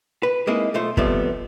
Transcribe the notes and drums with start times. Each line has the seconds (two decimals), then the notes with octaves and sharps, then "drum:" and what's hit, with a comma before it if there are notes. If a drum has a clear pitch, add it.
0.23 B4
0.47 G#3 A#3 C4 D#4 E4 G#4
0.74 B1 A3 F4 C5
0.97 D#2 C3 F3 G3 A3 B3, drum: kick